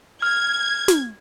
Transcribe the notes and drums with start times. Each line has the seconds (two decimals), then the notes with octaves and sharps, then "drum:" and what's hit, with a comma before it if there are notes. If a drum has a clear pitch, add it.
0.22 F6 G#6
0.88 drum: snare